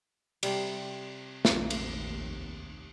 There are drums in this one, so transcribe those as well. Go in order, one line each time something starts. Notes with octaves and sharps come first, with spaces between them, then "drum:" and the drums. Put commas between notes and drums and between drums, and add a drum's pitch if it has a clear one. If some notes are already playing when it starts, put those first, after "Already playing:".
C3 G3, drum: cymbal
F1 A#1 D#2, drum: snare
drum: cymbal